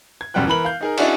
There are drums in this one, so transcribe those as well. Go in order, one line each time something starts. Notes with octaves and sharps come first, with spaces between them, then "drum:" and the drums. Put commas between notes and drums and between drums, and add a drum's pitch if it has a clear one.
G#6
E1 F#2 G3 F#5 G5 F#6
E3 A#4 B5 F#7
F5 G6
D#4 G#4 A#4
C#4 D4 E4 F#4 G#4 D#5, drum: cymbal